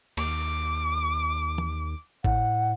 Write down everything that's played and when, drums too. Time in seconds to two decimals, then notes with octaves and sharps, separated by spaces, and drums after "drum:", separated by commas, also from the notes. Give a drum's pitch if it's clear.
0.17 D#2 D6, drum: cymbal
1.58 drum: tom
2.24 A2 F#5, drum: kick